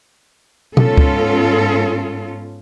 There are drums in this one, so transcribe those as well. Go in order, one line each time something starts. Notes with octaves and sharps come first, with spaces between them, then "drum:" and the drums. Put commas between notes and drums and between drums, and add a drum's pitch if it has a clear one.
G#2 B3 C#4 F4 A4, drum: tom B2
drum: kick C#2